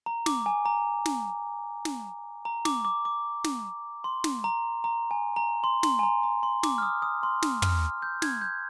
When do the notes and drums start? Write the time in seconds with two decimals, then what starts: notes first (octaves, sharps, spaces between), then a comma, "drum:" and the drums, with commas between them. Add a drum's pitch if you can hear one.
0.06 A#5
0.26 D6, drum: snare
0.46 G#5
0.65 A#5
1.06 drum: snare
1.85 drum: snare
2.45 A#5
2.65 D6, drum: snare
2.85 D6
3.05 D6
3.44 drum: snare
4.04 C6
4.24 drum: snare
4.44 A#5
4.84 A#5
5.11 G#5
5.36 A#5
5.64 C6
5.83 C6, drum: snare
5.99 G#5
6.03 A#5
6.23 A#5
6.43 C6
6.63 D6, drum: snare
6.78 F6
6.82 D#6
7.02 D#6
7.23 C6
7.42 drum: snare
7.62 F6, drum: tom
8.02 G6
8.22 G#6, drum: snare
8.41 G6